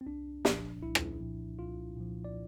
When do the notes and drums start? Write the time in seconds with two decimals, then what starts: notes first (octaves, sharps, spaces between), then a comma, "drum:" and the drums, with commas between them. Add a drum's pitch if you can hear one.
0.01 C4
0.06 C2 D4
0.45 A#2 F3, drum: snare
0.82 C2 E4
0.95 drum: rim click
1.21 A#2 F3
1.59 C2 F4
1.96 A#2 F3
2.25 D5